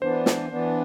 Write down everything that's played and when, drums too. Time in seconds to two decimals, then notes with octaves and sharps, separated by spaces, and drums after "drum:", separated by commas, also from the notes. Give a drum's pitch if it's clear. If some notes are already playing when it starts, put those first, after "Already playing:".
0.01 E3 B3 D4 C5
0.26 drum: snare
0.50 E3 B3 D4